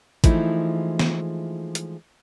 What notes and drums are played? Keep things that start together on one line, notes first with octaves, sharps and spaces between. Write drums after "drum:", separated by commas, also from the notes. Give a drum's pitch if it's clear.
E3 F3 G#3 A3 D#4 E4, drum: kick, hi-hat
drum: snare
drum: hi-hat